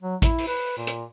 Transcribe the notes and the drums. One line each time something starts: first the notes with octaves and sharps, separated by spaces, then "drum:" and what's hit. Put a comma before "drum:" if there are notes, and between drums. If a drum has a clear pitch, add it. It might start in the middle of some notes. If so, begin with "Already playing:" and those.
F#3
E4, drum: kick, hi-hat
drum: open hi-hat
B4
A#2
drum: hi-hat